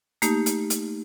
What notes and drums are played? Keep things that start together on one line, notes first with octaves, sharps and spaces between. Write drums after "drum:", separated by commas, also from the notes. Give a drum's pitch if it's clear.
A3 A#3 D#4 G4, drum: hi-hat
drum: hi-hat
drum: hi-hat